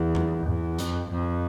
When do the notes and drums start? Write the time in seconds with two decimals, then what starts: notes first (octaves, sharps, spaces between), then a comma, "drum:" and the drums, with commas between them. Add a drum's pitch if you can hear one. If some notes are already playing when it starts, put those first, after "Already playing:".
Already playing: E2
0.15 drum: tom E2
0.46 E2
0.78 F2, drum: hi-hat
1.10 F2